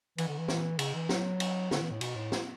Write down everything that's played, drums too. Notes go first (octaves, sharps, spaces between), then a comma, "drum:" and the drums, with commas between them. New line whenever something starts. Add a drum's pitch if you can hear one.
E3, drum: cymbal
D3
E3
drum: snare
C#3, drum: cymbal
E3
F#3, drum: snare
drum: cymbal
D3, drum: snare
E3
A2
B2, drum: cymbal
A2
drum: snare